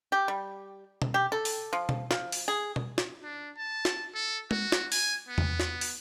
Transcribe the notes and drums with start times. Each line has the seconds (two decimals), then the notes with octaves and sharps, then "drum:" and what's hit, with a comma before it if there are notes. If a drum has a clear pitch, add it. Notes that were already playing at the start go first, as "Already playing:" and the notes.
0.12 G4
0.28 G3
1.02 drum: tom B2
1.14 G4
1.32 A4
1.45 drum: open hi-hat
1.73 F3
1.89 drum: tom B2
2.11 F3, drum: snare
2.32 drum: open hi-hat
2.48 G#4
2.76 drum: tom B2
2.98 drum: snare
3.23 D4
3.57 A5
3.85 drum: snare
4.14 A4
4.51 F#4, drum: tom G#3
4.72 drum: snare
4.92 G#5, drum: open hi-hat
5.28 B3
5.38 drum: tom E2
5.60 drum: snare
5.81 drum: open hi-hat